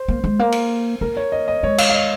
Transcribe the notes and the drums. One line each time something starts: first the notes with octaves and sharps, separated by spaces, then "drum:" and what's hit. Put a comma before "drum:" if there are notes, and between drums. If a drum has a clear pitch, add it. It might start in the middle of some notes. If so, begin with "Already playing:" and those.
Already playing: C5
A#3
G#3
A#3
drum: cymbal
A#3 A#4
C#5
D#5
D#5
G#3 C#5
F5, drum: cymbal
F5
D#5